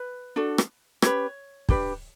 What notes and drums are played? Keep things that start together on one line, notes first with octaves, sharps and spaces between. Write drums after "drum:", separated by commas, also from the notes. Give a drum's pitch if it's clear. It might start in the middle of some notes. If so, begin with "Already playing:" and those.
Already playing: B4
D4 F#4 A4
drum: rim click
C#4 G4 B4 C#5, drum: rim click
D4 G4 B4, drum: kick